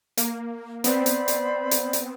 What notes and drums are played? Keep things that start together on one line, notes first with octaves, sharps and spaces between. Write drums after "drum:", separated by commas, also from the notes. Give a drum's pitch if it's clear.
A#3, drum: hi-hat
B3 C4 C5 D5 B5, drum: hi-hat
drum: hi-hat
drum: hi-hat
drum: hi-hat
drum: hi-hat